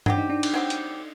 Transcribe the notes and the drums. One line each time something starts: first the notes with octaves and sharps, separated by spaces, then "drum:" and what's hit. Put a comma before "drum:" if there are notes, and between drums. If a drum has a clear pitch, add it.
F#3 C4 D4 G4, drum: tom G2
D#4
D4
drum: cymbal
F#3 C4 D#4 G4
drum: hi-hat